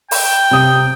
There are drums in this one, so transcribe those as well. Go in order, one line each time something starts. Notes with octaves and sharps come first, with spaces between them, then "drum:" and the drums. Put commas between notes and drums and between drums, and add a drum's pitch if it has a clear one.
G5, drum: open hi-hat
C3 D#6